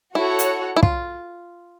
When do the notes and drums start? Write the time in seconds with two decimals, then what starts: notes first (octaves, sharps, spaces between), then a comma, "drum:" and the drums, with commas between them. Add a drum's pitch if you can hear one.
0.15 E4 F#4 A4 C#5 F#5
0.39 drum: hi-hat
0.76 E4
0.83 F4, drum: kick